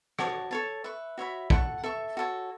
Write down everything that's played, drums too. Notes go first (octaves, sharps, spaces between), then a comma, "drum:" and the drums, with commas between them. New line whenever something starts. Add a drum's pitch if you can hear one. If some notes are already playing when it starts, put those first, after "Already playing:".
F#4 C#5 A5, drum: rim click
A4 C#5 A5
B4 E5 C#6
F#4 C#5 E5 B5
A4 F#5 C#6, drum: kick
A4 E5 C#6
F#4 A4 C#5